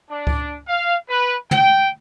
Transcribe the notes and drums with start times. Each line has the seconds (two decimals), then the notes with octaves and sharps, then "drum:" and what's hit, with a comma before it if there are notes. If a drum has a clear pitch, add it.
0.11 D4
0.27 drum: kick C#2
0.68 F5
1.09 B4
1.51 G5, drum: tom